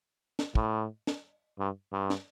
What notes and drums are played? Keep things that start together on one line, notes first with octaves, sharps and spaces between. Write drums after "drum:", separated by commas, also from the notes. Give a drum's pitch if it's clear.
drum: snare
A2, drum: kick
drum: snare
G2
G2
drum: snare